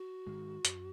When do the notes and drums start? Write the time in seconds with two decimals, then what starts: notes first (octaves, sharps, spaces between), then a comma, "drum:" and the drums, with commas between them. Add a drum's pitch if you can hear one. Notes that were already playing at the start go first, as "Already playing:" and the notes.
Already playing: F#4
0.27 G#2 D#3 G#3
0.65 F#2, drum: hi-hat